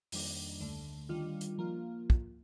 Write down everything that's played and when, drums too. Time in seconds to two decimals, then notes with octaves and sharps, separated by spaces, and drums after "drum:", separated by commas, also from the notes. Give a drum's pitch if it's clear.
0.12 F2 D#3 G3 A#3 D4, drum: open hi-hat
0.61 D2 D3 A3
1.09 D#3 G3 D4 F4
1.41 drum: hi-hat
1.58 F3 A#3 F4
2.10 drum: kick